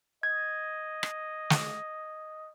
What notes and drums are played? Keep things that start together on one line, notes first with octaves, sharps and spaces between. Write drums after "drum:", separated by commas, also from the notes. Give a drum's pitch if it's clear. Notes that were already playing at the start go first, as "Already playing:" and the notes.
D#5 G#6
drum: rim click
drum: snare